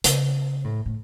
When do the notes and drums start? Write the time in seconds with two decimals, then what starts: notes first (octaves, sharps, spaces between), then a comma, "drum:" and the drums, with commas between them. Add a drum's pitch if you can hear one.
0.04 C#3, drum: hi-hat
0.64 A2
0.86 A2